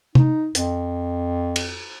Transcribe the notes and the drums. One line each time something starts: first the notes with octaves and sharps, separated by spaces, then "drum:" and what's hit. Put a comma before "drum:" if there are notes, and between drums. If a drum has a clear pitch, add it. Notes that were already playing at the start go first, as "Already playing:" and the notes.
D#4, drum: tom
F2, drum: hi-hat
drum: cymbal